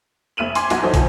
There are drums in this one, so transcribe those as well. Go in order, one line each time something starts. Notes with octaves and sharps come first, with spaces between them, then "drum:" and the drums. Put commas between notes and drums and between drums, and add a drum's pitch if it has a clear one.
F1 E5 F6 D#7 F#7
G#5 C6 D6 G#6, drum: hi-hat
B1 F#4, drum: hi-hat
E3 F#3 D#4 A4 C5 C#5
D2 F3 G#5, drum: kick, hi-hat